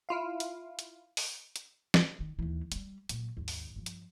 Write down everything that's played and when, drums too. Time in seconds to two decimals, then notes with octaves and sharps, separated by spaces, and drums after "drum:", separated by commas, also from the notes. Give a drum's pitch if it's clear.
0.09 E4 F4 F5
0.40 drum: hi-hat
0.79 drum: hi-hat
1.17 drum: open hi-hat
1.56 drum: hi-hat
1.94 drum: snare
2.20 D#3
2.39 D#2 E3
2.72 G3 A3, drum: hi-hat
3.09 A#2 F#3, drum: hi-hat
3.37 G#1 D#2
3.48 drum: open hi-hat
3.76 G2 F3
3.86 drum: hi-hat